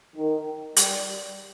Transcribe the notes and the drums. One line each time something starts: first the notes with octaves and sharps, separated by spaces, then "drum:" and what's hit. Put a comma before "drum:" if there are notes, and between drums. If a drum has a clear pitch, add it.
D#3
G3, drum: hi-hat